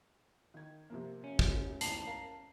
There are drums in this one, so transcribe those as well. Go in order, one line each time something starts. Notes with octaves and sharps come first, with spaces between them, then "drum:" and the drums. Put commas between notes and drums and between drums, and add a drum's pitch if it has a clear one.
D#3 G#6
C3 F3 A#3
C#4
drum: kick
A1 D#2 G#2 A5 C7 F7, drum: hi-hat
A#4 F5 A#5